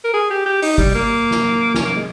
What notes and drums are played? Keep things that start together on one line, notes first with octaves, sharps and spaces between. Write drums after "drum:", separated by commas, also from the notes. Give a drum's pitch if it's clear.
A#4
G#4
G4
G4
D#4, drum: open hi-hat
G3, drum: kick
A#3
drum: snare
C#4, drum: snare
A#3
G#3